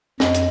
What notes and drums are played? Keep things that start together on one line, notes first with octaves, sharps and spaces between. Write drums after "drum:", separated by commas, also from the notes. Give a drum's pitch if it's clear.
F2 D#5, drum: snare
drum: hi-hat